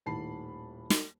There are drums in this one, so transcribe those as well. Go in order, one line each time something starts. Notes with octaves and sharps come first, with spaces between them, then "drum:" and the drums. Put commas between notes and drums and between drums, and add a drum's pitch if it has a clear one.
D#1 A2 D#3 A5 B5 C7
drum: snare